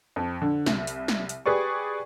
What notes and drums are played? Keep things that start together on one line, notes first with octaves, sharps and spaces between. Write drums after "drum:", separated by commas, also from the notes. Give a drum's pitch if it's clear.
F2
D3
C2, drum: snare
drum: hi-hat
drum: snare
drum: hi-hat
G4 G#4 B4 D5 C#6